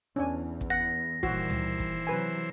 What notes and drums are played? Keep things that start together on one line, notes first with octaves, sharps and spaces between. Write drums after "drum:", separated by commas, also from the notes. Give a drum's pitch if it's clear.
E2 E3 C#4 D4 G#5
drum: kick
F#5 A#6
A#2 D#3 E3 G3 F#4 C5, drum: kick
drum: tom C#2
drum: kick
C3 F#3 B4 G#5